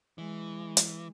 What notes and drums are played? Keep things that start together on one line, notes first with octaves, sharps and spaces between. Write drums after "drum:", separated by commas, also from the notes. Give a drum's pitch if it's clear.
E3 G#3
drum: hi-hat